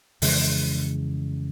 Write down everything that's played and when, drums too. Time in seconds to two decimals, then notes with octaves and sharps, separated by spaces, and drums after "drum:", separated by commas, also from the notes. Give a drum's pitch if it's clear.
0.22 F2 C#3 E3 G#3, drum: open hi-hat